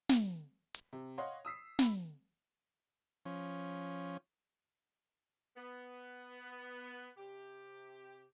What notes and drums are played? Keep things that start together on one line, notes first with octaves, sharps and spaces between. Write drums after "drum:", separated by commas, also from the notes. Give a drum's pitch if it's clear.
drum: snare
drum: hi-hat
C3
C#5 D#5 F5 F#5 C6
D#6 E6 B6 C7
B5, drum: snare
F3 C#4
B3
C3 G4